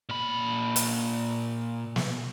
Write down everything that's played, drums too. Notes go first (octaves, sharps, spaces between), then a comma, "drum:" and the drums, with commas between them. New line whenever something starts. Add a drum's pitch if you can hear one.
A#2 B5
drum: hi-hat
drum: snare